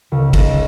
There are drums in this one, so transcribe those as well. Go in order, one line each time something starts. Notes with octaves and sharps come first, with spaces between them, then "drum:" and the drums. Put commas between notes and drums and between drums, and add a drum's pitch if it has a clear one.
C#2
C#2, drum: kick, cymbal